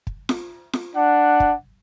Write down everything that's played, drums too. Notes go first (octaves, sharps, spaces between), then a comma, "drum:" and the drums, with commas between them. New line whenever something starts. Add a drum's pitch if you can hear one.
drum: kick
drum: snare
drum: snare
D4 F#5
drum: kick